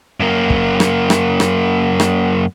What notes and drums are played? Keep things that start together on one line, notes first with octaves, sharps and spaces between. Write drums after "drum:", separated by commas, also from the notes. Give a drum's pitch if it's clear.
F#2 A#3
drum: kick
drum: rim click
drum: rim click
drum: rim click
drum: rim click